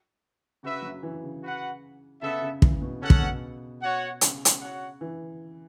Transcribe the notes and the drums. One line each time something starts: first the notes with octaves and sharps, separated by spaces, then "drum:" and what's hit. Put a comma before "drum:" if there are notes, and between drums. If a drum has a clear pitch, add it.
C#3 F#4 B4 E5
F#3
E3
C#3
F#4 B4 F#5
C#3 B3 A4 E5
C#3
E3, drum: kick
B2
C#3 C#4 A4 F#5
drum: kick
B2
F#4 C#5 F#5
C#3, drum: hi-hat
drum: hi-hat
F#4 C#5 F#5
E3